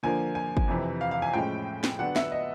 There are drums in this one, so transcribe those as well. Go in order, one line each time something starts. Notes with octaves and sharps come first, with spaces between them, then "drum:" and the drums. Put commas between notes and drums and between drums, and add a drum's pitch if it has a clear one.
D3 F3 A#3 G#5
G#5
drum: kick
F2 C3 E3
F5
F5
G#5
A2 F3 G#3 C#4 G5
drum: snare
D3 F#3 B3 D4 F#5
E5, drum: snare
D#5